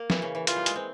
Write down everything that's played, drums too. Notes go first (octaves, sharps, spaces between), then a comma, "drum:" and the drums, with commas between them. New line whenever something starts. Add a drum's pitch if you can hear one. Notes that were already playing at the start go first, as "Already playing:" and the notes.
Already playing: A#3
E3, drum: snare
C#3
E3
E3 F4, drum: hi-hat
G3
G#3, drum: hi-hat
C4